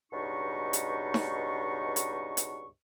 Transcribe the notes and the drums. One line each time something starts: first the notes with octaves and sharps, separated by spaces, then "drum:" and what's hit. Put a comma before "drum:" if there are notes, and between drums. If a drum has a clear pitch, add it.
C#2 G2 B2 D#4 C#6
drum: hi-hat
drum: snare D#4
drum: hi-hat
drum: hi-hat